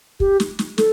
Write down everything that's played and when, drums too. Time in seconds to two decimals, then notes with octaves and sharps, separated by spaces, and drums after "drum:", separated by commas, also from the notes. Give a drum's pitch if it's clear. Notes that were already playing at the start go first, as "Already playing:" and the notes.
0.20 G4, drum: kick
0.40 drum: snare
0.59 drum: snare
0.78 A4, drum: snare